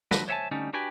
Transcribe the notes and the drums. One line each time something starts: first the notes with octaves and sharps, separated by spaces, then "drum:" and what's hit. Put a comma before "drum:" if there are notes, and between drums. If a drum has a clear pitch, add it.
D2 F3 F#4 B4, drum: snare
C5 C#5 E5 F#5 G#5 A5
D3 G3 A3 C#4 D#4
D4 F#4 G4 B4 G5 G#5